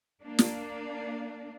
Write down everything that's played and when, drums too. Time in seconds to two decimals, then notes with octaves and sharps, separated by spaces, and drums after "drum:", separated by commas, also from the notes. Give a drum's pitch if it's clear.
0.23 A#3 D4
0.39 drum: snare